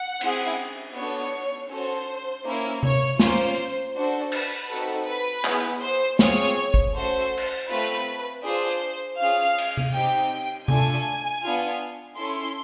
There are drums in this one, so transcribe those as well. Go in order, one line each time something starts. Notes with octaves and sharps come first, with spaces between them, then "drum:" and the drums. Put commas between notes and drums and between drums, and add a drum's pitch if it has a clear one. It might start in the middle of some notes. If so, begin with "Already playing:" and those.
Already playing: F#5
C4 E4 G#4, drum: cymbal
B3 D4 F#4 A4 C#5
C#4 F#4 A4 C5
A#3 C#4 E4
C#5, drum: tom C3
A#3 C#4 F4 C5, drum: snare
drum: hi-hat
D4 F#4 A4 C5
B4, drum: cymbal
C4 D#4 F#4 A4
B4
B3 E4 G#4, drum: clap
C5
C4 F4 G#4 C#5, drum: snare
drum: kick
A3 C#4 F#4 A4 C5
drum: cymbal
A3 C4 F4 B4
D4 F4 G#4 C5
C#4 F4 G#4 F5
drum: cymbal
drum: tom C3
C4 D#4 G4 G5
A3 D4 F4 A4 G#5, drum: tom C3
B3 D4 F4
C#4 E4 A4 C6